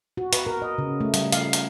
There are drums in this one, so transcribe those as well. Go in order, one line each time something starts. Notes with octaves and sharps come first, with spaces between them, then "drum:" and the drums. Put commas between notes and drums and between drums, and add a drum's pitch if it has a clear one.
F#4
B4, drum: hi-hat
A#4
D#5
C#3
A3
G3, drum: hi-hat
F5, drum: hi-hat
drum: hi-hat